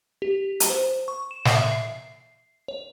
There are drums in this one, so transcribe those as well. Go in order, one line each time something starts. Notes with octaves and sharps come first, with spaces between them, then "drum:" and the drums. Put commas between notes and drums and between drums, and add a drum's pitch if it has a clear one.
G4
drum: hi-hat
C5
C#6
E7
drum: snare
E5
C7
C#5